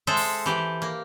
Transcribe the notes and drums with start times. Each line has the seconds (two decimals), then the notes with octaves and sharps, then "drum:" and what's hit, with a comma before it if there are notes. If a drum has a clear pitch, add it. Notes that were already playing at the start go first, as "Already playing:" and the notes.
0.07 G#3 A4 C5 E5
0.17 drum: open hi-hat
0.46 E3 G4
0.82 A#3